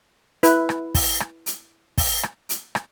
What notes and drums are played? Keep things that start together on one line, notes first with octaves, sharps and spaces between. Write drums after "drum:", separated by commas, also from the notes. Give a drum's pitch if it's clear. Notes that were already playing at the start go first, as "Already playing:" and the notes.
E4 B4, drum: hi-hat
drum: rim click
drum: kick, open hi-hat
drum: rim click
drum: hi-hat
drum: kick, open hi-hat
drum: rim click
drum: hi-hat
drum: rim click